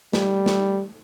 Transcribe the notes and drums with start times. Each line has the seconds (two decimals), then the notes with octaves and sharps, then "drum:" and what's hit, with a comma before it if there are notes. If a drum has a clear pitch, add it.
0.13 G3, drum: snare
0.46 drum: snare